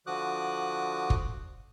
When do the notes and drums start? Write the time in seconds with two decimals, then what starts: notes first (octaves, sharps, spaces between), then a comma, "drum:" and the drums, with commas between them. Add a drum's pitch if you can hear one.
0.07 D3 F3 F#4 D6 D#6 F#6
1.10 drum: kick